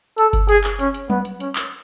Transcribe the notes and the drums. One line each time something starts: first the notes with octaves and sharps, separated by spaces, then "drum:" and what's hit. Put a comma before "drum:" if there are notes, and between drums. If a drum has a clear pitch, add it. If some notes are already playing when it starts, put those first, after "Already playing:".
A4, drum: hi-hat
drum: kick G1, hi-hat
G#4, drum: hi-hat
drum: clap
C#4, drum: hi-hat
drum: hi-hat
B3, drum: tom F#3
drum: hi-hat
C#4, drum: hi-hat
drum: clap